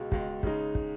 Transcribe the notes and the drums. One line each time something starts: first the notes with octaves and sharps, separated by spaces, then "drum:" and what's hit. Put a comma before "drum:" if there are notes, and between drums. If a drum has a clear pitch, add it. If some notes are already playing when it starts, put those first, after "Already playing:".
Already playing: C#2 B2 G#3
C#2 B2 G#3, drum: kick
C#3 G#3 D#4, drum: kick
drum: kick